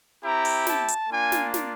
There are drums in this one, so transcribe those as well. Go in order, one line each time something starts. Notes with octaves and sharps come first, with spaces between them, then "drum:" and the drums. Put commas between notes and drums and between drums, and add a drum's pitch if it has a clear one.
C4 E4 G4 A#5
drum: open hi-hat
A5, drum: snare
drum: hi-hat
A#3 D4 F4 G#5
drum: snare
drum: snare